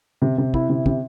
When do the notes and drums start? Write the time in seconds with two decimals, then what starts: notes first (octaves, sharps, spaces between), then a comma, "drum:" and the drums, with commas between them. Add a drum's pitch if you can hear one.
0.22 C3
0.38 C3
0.54 E4, drum: kick
0.69 C3
0.86 C3, drum: kick